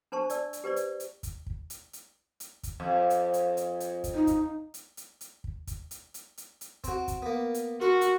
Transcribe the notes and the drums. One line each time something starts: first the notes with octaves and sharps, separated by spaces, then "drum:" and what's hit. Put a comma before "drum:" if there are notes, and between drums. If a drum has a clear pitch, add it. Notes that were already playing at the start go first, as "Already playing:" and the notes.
D4 C5 A5 C#6
D5 E6, drum: hi-hat
drum: hi-hat
G4 B4 C5 D5
drum: hi-hat
drum: hi-hat
drum: kick, hi-hat
drum: kick
drum: hi-hat
drum: hi-hat
drum: hi-hat
drum: kick, hi-hat
F2
drum: hi-hat
drum: hi-hat
drum: hi-hat
drum: hi-hat
drum: kick, hi-hat
D#4
drum: kick, hi-hat
drum: hi-hat
drum: hi-hat
drum: hi-hat
drum: kick
drum: kick, hi-hat
drum: hi-hat
drum: hi-hat
drum: hi-hat
drum: hi-hat
C4 F#4, drum: kick, hi-hat
drum: kick, hi-hat
A#3 B3
drum: hi-hat
F#4 A#4 C6 C#6
drum: hi-hat